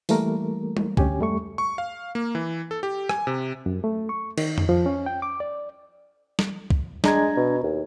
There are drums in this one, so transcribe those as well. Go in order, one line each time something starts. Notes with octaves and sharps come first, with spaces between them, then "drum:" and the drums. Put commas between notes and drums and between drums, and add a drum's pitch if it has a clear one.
E3 G3 A3 A#3 A#4, drum: open hi-hat
drum: tom G3
D2 C#4 G4 G#5, drum: kick C2
F2 G3 A3 C#6
C#6
F5
A#3
E3
A4
G4
G#5, drum: rim click
C3
F#2
A3
C#6
D#3, drum: cymbal
drum: tom F2
F3
C#4
G5
D6
D5
drum: snare
drum: kick C2
G#3 D4 A#5 G#6, drum: snare
B2
D#2